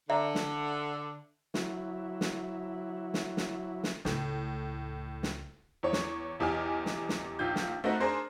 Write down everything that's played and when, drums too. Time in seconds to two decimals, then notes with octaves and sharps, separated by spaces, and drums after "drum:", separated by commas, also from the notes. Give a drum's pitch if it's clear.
0.10 D3 D5 E5 A#5
0.35 drum: snare
1.54 F#3 E4, drum: snare
2.21 drum: snare
3.14 drum: snare
3.37 drum: snare
3.84 drum: snare
4.05 C#2 A2, drum: snare
5.23 drum: snare
5.83 E2 C#5
5.93 drum: snare
6.39 B1 E2 G4 G#5 F6
6.86 drum: snare
7.09 drum: snare
7.39 A#1 D#2 F4 G6
7.56 drum: snare
7.84 A3 B3 C4 D#4 F#4 A#4
8.00 D4 G#4 A#4 C5